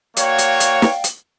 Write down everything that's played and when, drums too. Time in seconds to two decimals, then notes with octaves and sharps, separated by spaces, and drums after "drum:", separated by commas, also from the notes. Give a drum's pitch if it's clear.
0.17 A#3 F#4 C#5 D5 F5 G5, drum: hi-hat
0.39 drum: hi-hat
0.60 drum: hi-hat
0.82 drum: snare
1.04 drum: hi-hat